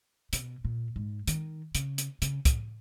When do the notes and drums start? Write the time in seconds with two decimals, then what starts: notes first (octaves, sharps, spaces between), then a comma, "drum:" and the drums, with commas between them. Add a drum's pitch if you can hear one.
0.33 B2, drum: hi-hat
0.65 A#2
0.96 G#2
1.27 D#3, drum: hi-hat
1.75 C#3, drum: hi-hat
1.98 drum: hi-hat
2.22 C#3, drum: hi-hat
2.45 drum: kick, hi-hat